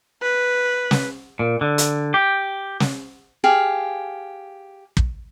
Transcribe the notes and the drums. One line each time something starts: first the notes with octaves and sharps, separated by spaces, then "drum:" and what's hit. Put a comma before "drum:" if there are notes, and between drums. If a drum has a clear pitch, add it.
B4
drum: snare
A#2
D3
drum: hi-hat
G4
drum: snare
G4 G#4 F5
drum: kick